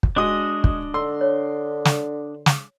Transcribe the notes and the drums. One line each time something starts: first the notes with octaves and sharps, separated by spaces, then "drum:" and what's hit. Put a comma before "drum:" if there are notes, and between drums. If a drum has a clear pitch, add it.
drum: kick
G#3 D4 F#4 D#5 D#6
drum: kick
D3 C6 E6
C#5
drum: snare
drum: snare